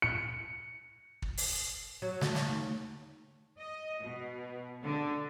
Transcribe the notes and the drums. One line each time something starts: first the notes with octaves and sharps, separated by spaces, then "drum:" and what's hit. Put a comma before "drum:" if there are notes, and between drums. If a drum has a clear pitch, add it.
C#7
drum: kick
drum: open hi-hat
F#3
A3, drum: snare
drum: snare
D#2
D#5
B2
D3